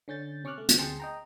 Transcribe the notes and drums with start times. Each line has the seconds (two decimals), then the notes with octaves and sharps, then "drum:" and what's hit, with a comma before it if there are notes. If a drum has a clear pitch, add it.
0.08 D3 C#4 G6 A6
0.44 C3 C#4 C#6 D6 F6 F#6
0.58 A3
0.69 drum: hi-hat
0.79 D2 G#4 G5 A5 C6 C#7
1.00 D#5 G5 A#5